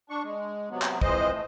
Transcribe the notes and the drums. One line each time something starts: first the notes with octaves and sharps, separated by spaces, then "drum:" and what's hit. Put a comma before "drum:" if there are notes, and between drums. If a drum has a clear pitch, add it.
D4 C#6
G#3
C3 F#3 B3
drum: clap
F2 E3 G#3 C5 D#5, drum: kick
A3